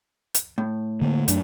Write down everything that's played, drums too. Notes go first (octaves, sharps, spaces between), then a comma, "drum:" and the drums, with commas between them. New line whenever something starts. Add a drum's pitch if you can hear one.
drum: hi-hat
A2
D3 A#3
F#2 F#3 D4, drum: hi-hat